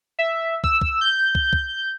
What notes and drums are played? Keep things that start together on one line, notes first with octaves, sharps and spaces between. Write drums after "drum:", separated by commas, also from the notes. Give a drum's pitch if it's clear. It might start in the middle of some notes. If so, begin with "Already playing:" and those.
E5
E6, drum: kick
drum: kick
G6
drum: kick
drum: kick